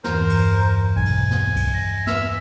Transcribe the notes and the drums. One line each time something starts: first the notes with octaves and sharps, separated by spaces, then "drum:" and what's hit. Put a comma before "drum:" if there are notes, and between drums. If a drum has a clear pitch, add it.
E2 G2 E3 A#4 C5, drum: snare
drum: cymbal
B1 G#5
drum: cymbal
drum: snare
drum: kick C2, cymbal
A#6
E5 E6 F6, drum: snare